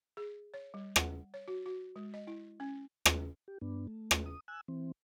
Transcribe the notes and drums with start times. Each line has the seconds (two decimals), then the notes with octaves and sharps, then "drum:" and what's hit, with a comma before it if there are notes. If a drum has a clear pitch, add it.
0.17 G#4
0.54 C#5
0.74 G3
0.96 F#5, drum: rim click
1.34 C#5
1.48 F#4
1.66 F#4
1.96 G#3
2.14 D#5
2.27 E4
2.60 C#4
3.06 drum: rim click
3.48 G4
3.61 G2 B3 D4
3.87 A3
4.11 drum: rim click
4.26 D#6
4.48 G#5 E6 F#6
4.68 E3 C4